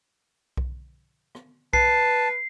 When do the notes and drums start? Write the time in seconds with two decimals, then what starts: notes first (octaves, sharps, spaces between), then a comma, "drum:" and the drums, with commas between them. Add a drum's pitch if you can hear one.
0.57 drum: kick B1
1.35 drum: rim click
1.73 B4 A5 C7, drum: kick B1